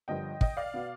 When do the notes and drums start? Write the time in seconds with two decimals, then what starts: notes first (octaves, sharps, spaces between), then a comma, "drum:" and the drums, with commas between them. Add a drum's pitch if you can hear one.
0.08 G1 G2 D3 F3 D#5 G5
0.41 D#5 G5, drum: kick
0.57 D5 F5
0.74 B2 B3